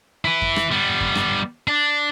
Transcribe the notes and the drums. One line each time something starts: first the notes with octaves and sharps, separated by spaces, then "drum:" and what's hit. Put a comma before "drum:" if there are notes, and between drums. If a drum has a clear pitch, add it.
E4 B4
drum: kick F2
drum: rim click
G3 B3
drum: kick F2
drum: rim click
D4